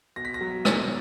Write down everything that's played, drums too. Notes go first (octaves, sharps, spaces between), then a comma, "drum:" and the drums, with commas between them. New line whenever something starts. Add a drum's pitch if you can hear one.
B2 A#6
B6
A#6
F#3
B2 A6, drum: rim click